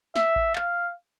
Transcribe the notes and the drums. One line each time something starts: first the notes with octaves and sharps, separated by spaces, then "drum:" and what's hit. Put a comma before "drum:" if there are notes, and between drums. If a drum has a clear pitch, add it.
E5, drum: snare
drum: kick A1
F5, drum: clap